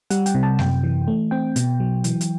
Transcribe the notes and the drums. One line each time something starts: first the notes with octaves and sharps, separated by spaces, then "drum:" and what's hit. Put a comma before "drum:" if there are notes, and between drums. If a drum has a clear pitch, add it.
G3 F#5, drum: hi-hat
G5, drum: hi-hat
C3
A5
F#2 G5, drum: snare
E3
A3
C4 G5
B2, drum: hi-hat
F#3
E3, drum: hi-hat
drum: hi-hat